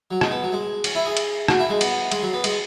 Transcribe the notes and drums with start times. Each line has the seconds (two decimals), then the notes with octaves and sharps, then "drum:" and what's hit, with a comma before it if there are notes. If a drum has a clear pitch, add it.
0.11 F#3
0.21 G#3, drum: rim click
0.31 B3
0.43 F#3
0.52 G#3
0.84 C#4, drum: cymbal
0.95 E4
1.06 G#4
1.17 drum: cymbal
1.48 F#4, drum: rim click
1.59 E4
1.70 G#3
1.81 B3, drum: cymbal
2.12 G#3, drum: cymbal
2.22 F#3
2.33 B3
2.44 G#3, drum: cymbal